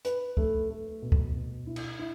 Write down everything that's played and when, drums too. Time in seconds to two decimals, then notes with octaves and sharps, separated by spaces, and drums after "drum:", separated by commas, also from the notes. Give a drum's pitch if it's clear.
0.05 B4, drum: hi-hat
0.37 A3, drum: kick
0.69 A3
1.02 B2
1.12 drum: kick
1.34 B2
1.67 E4
1.76 drum: cymbal
1.99 E4